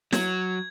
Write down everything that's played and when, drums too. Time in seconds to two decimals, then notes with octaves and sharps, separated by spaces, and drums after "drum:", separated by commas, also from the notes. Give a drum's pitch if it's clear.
0.12 F#3 G#6, drum: snare